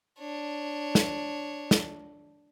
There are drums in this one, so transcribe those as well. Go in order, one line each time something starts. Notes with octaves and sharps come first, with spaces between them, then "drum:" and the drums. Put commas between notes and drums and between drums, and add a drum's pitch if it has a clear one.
D4 C#5
drum: snare
drum: snare